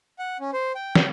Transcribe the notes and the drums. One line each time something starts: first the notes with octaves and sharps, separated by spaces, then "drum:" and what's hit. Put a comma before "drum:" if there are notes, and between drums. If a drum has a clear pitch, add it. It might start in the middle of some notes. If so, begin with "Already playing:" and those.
F#5
C#4
C5
G5
G5, drum: snare